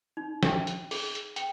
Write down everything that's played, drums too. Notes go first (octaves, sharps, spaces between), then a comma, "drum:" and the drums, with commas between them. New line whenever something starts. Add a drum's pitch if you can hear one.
D#4
G5, drum: snare
drum: hi-hat
G#4, drum: open hi-hat
drum: hi-hat
G5, drum: hi-hat